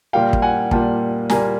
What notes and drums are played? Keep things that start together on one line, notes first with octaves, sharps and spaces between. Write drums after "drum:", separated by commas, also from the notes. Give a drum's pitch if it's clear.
A#2 G3 A#3 F5 G5
drum: kick
F#5 G#5
A#2 G3 A#3 G5 A5, drum: kick
A#2 G3 A#3 G#5 A#5, drum: snare